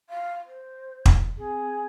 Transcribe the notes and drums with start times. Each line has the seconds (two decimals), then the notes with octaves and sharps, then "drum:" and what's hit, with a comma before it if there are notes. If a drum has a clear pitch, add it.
0.10 F5
0.45 C5
1.06 drum: kick
1.38 C4 G#4